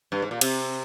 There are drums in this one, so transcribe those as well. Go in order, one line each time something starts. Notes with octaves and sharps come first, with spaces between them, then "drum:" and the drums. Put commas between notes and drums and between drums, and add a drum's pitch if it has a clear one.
G2
G#2
A#2
C3, drum: cymbal